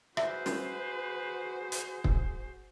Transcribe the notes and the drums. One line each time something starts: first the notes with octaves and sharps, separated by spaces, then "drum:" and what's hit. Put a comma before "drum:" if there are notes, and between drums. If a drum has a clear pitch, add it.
F#4 G#4 B4 C5 E5, drum: rim click
drum: snare
drum: hi-hat
drum: kick